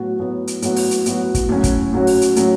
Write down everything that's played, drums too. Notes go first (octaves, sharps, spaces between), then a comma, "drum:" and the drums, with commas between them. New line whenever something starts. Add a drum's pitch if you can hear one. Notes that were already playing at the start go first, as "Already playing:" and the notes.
Already playing: A2 F#3 B3 F#4
A2 F#3 B3 F#4
drum: hi-hat
A2 F#3 B3 F#4, drum: hi-hat
drum: open hi-hat
drum: hi-hat
A2 F#3 B3 F#4, drum: hi-hat
drum: kick, hi-hat
A2 F#3 C#4 F#4
drum: kick, hi-hat
A2 F#3 C#4 F#4
drum: open hi-hat
drum: hi-hat
A2 F#3 C#4 F#4, drum: hi-hat